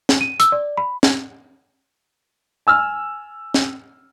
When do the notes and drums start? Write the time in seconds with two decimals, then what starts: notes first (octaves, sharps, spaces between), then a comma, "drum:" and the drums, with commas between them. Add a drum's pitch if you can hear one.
0.09 drum: snare
0.21 D#7
0.40 E6, drum: hi-hat
0.52 D5
0.77 B5
1.03 drum: snare
2.67 G#5 E6 F6
3.54 drum: snare